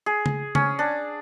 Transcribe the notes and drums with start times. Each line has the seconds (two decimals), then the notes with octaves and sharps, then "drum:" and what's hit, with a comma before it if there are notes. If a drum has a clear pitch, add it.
0.06 G#4
0.26 drum: tom C#3
0.55 C#4, drum: tom C#3
0.79 D4